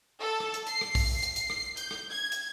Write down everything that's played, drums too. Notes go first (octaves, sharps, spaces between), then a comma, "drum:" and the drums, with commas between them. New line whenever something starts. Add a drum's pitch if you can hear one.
A4
drum: rim click
drum: hi-hat
C7, drum: hi-hat
drum: rim click
drum: kick, open hi-hat
drum: hi-hat
drum: hi-hat
drum: rim click
G6, drum: hi-hat
drum: rim click
G#6
drum: hi-hat